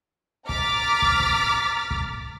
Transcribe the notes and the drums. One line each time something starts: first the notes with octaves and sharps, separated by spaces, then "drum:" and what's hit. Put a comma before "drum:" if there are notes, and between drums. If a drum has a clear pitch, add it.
A#5 D6 F6 A6 B6, drum: kick
drum: kick
drum: kick
drum: kick